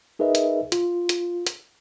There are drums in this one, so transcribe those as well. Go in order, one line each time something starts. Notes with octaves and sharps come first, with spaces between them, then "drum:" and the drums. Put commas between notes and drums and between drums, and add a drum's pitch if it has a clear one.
D#4 G#4 A#4 B4 D#5 E5
drum: hi-hat
F4, drum: hi-hat
drum: hi-hat
drum: hi-hat